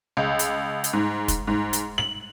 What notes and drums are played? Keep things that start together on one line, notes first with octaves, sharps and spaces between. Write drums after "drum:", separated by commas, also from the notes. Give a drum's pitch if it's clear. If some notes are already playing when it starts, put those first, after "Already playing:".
C#2
drum: hi-hat
drum: hi-hat
G#2
drum: kick, hi-hat
G#2
drum: hi-hat
F#7